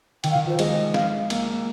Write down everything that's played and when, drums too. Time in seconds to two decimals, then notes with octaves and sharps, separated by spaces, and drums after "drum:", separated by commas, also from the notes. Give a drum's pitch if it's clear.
0.24 D#3 G5, drum: cymbal
0.32 F5
0.35 D#3
0.47 F3 C5
0.59 G#3 D#5, drum: cymbal
0.94 F5, drum: snare
1.30 A#3, drum: cymbal